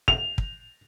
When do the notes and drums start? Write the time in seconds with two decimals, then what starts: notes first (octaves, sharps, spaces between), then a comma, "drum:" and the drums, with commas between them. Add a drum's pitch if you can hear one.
0.08 F7, drum: kick
0.38 drum: kick